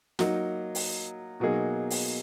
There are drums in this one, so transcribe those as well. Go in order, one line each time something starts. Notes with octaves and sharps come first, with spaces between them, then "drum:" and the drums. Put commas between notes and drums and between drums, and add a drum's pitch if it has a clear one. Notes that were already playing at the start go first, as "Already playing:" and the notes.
F#3 A#3 D#4, drum: snare
drum: open hi-hat
B2 F#3 A#3 D#4 G#4
drum: open hi-hat